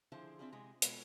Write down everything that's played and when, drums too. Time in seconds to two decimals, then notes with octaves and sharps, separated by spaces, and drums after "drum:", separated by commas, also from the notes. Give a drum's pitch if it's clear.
0.12 D3 F3 E4 G#4 C5 A5
0.39 C4 D4 E4 F4 G#4
0.52 C3 G#3 G#4
0.82 B2 G#3 B3 F4 A4 C#5, drum: hi-hat